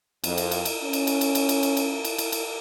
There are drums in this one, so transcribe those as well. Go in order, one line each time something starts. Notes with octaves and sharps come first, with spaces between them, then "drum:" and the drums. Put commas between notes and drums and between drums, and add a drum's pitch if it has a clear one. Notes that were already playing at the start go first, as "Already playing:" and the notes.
F2, drum: cymbal
drum: cymbal
drum: cymbal
drum: cymbal
C#4
drum: cymbal
drum: cymbal
drum: cymbal
drum: cymbal
drum: cymbal
drum: cymbal
drum: cymbal
drum: cymbal
drum: cymbal
drum: cymbal